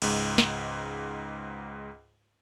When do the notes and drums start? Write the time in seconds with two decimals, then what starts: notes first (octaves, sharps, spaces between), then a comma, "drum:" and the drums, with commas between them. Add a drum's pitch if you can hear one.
0.02 C#2 G#2, drum: cymbal
0.38 drum: snare